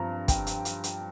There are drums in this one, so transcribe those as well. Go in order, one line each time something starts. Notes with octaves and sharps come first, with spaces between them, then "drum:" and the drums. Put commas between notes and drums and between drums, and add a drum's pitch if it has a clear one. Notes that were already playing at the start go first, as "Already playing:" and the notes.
Already playing: G2 F3 C4 A#5
G5, drum: kick, hi-hat
drum: hi-hat
drum: hi-hat
drum: hi-hat